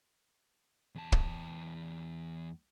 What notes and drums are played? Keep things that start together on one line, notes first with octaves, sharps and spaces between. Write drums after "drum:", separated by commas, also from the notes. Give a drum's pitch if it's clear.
E2 A5
drum: kick